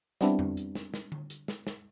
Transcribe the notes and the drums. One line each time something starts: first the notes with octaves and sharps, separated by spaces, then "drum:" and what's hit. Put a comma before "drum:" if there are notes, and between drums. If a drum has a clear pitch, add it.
G3 B3 C4 D4 E4, drum: snare
drum: tom F2
drum: hi-hat
drum: snare
drum: snare
drum: tom D3
drum: hi-hat
drum: snare
drum: snare